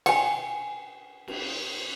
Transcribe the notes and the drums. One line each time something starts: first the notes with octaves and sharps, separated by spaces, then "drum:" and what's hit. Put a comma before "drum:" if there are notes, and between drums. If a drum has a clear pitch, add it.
G5 G#5, drum: cymbal
drum: cymbal